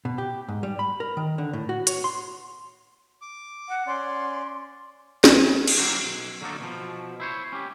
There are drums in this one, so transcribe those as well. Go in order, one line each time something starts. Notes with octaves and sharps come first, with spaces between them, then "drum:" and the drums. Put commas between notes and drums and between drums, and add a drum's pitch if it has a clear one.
B2
G4
G#2
G3
B5
A#4
D#3
D3
A2
F#4
C#5, drum: hi-hat
C6
D6
F#5
C#4 D5 C6
drum: snare C4
drum: cymbal
F#3 G3 A#3 C4 C#4 F#4
B1
D3 F#3 A#3 D#4 A4
B2 E3 F3
E4 C5 C#5
C#4 G4